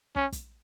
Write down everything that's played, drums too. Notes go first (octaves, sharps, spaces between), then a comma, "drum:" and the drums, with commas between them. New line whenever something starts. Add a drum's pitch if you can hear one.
C#4, drum: kick
drum: kick, hi-hat